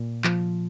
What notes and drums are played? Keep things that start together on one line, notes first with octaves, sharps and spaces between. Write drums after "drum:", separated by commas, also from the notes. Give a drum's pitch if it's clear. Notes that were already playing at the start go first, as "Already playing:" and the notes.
Already playing: A#2
F3, drum: clap